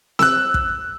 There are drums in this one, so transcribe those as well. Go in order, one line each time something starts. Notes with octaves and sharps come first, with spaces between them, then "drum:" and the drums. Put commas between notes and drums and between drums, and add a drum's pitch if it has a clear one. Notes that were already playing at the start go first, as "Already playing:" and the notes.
E6 F#6, drum: snare C4
drum: kick